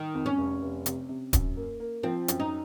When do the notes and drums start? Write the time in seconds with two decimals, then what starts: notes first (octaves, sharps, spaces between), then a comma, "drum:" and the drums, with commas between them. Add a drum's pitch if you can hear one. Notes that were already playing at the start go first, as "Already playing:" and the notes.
Already playing: D#3
0.14 F2
0.26 C#4
0.38 F1
0.62 F1
0.86 C3, drum: hi-hat
1.09 C3
1.33 F#2, drum: kick D1, hi-hat
1.57 A#3
1.80 A#3
2.03 F3 C4
2.28 F#2, drum: hi-hat
2.40 D#4